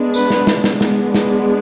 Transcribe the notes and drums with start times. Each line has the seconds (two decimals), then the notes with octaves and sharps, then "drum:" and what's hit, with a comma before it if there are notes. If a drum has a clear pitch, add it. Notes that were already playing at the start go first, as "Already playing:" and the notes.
Already playing: G#3 B3 D4
0.14 B4, drum: tambourine
0.30 drum: snare
0.47 drum: snare
0.64 drum: snare
0.81 G#3 B3 D4, drum: snare
1.14 drum: snare